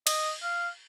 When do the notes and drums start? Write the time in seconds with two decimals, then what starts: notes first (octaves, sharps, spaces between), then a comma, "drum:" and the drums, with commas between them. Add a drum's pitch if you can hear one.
0.07 D#5, drum: cymbal
0.43 F5